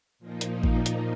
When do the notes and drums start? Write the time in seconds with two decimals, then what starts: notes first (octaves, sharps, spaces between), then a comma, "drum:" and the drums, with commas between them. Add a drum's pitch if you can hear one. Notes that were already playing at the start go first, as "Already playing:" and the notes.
0.19 A#2 F3 A#3 D#4
0.41 drum: hi-hat
0.63 drum: kick A1
0.86 drum: hi-hat